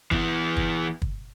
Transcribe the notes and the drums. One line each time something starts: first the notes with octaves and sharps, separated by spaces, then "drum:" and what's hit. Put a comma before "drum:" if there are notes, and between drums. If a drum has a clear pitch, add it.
E3 B3, drum: kick
drum: kick
drum: kick